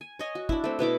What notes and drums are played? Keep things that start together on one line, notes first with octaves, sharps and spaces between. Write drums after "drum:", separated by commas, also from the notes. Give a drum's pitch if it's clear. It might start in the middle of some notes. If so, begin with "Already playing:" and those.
G#5
C#5 D#5 G#5
F#4
D4 E4, drum: kick
A3 C4
B2 B3 E4 D6